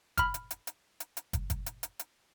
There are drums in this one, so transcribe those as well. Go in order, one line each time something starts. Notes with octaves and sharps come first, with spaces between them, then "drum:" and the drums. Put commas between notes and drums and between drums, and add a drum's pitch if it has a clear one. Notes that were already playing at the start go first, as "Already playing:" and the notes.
B5 F6, drum: kick, hi-hat
drum: hi-hat
drum: hi-hat
drum: hi-hat
drum: hi-hat
drum: hi-hat
drum: kick, hi-hat
drum: kick, hi-hat
drum: hi-hat
drum: hi-hat
drum: hi-hat